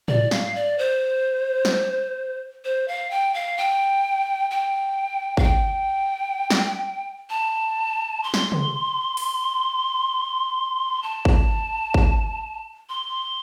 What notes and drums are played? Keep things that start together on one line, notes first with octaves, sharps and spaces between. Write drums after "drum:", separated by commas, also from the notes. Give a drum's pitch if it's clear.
D5, drum: tom
F5, drum: snare
D5
C5
drum: snare
C5
F5
G5
F5
G5
G5
F5, drum: kick G#1
G5
drum: snare
A5
C6
drum: snare
drum: tom
drum: open hi-hat
A5
drum: kick G#1
drum: kick G#1
C6